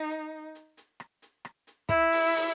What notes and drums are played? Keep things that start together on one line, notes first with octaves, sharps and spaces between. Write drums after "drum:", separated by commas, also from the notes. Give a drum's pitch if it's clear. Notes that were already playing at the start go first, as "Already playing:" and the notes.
Already playing: D#4
drum: hi-hat
drum: hi-hat
drum: hi-hat
drum: rim click
drum: hi-hat
drum: rim click
drum: hi-hat
E4, drum: kick
drum: open hi-hat
drum: open hi-hat